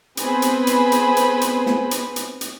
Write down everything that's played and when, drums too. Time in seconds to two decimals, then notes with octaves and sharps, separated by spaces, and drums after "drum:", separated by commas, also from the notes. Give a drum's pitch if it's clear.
0.17 B3 C4 G#4 B4 C5 B5, drum: hi-hat
0.42 drum: hi-hat
0.67 drum: hi-hat
0.92 drum: hi-hat
1.17 drum: hi-hat
1.41 drum: hi-hat
1.66 drum: snare
1.91 drum: hi-hat
2.16 drum: hi-hat
2.41 drum: hi-hat